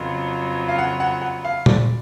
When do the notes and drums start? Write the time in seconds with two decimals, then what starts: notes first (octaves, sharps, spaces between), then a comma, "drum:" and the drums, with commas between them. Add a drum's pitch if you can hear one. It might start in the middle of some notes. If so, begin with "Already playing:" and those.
Already playing: F2 C#3 F#3 B3 F4
0.68 F5
0.78 F#5
1.00 F#5
1.22 F#5
1.44 F5
1.66 D5, drum: tom A#2